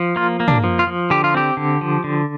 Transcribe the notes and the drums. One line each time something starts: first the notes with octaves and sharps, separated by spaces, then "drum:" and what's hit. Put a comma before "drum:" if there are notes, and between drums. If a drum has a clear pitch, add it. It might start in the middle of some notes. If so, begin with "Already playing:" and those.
Already playing: F3
A#3 F4
A#3
D4, drum: tom
F3
F4
F3
D3 G4
F4
C4 G4
D3
F3
D3